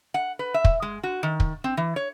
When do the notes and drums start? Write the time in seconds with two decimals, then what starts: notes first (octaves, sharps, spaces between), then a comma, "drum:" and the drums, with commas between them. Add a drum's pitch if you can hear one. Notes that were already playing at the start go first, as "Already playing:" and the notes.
0.14 F#5
0.39 B4
0.54 E5
0.65 drum: kick
0.82 G#3
1.03 F#4
1.23 D#3
1.40 drum: kick
1.64 C4
1.77 E3
1.96 C#5